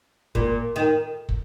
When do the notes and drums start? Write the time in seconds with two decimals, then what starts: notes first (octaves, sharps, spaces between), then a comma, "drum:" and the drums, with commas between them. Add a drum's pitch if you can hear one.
0.35 A#2, drum: kick
0.76 D#3
1.29 drum: kick